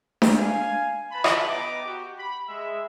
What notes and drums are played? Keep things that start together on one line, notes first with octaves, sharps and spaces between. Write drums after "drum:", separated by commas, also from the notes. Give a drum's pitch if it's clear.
drum: snare D4
F5 G#5
B4 A5 B5
drum: rim click
B3 D#5 G5 A#5 D6
F#4 G4
B5
G#3 E5